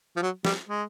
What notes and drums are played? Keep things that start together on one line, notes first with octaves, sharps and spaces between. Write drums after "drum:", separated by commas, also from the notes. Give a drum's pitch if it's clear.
F3
F#3
G3, drum: snare
G#3